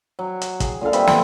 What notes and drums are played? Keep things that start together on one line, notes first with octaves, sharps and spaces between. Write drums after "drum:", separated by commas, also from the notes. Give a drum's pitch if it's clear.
F#3
drum: hi-hat
G#4, drum: kick, hi-hat
A#2 D3 A4 F5
G3 C4 B4 E5, drum: hi-hat
B3 F4, drum: snare